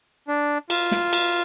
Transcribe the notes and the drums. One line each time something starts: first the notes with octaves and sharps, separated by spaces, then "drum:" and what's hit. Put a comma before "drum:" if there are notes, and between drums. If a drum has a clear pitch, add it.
D4
F4, drum: cymbal
drum: snare
drum: cymbal